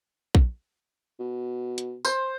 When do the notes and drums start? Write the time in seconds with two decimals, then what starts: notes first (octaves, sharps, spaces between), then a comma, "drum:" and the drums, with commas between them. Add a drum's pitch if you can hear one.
0.35 drum: kick A#1
1.20 B2
1.78 drum: hi-hat
2.05 C5, drum: tambourine